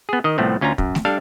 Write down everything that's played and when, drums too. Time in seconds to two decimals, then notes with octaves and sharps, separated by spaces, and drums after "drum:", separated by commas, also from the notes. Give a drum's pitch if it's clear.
0.09 B3 G#4
0.24 D#3 D#5
0.38 C2 A2 F3 A3 B3 C4
0.61 D2 C#4 F4 G#5 A#5
0.78 F#2, drum: kick
0.95 drum: snare A3
1.05 G3 D4 A4 F5